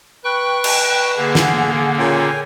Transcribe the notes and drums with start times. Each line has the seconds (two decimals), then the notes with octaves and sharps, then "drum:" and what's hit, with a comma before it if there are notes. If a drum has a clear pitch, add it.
0.24 B4 G5 C#6 F#6
0.64 drum: cymbal
1.17 D3 A#3 G#4 F#5
1.35 drum: snare
1.99 A#2 C#3 G5 G#5